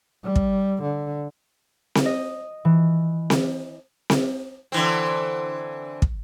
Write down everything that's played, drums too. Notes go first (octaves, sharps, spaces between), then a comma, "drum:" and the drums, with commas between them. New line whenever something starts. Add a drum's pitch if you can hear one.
G3
drum: kick
D3
drum: snare C4
D#5
E3
drum: snare C4
drum: snare C4
D3 E3 C4
drum: kick